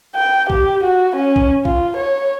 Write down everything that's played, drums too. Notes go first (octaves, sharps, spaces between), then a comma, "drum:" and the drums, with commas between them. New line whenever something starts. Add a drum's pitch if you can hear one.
G5
G4, drum: kick A#1
F#4
C#4
drum: kick A#1
F4, drum: kick A#1
C#5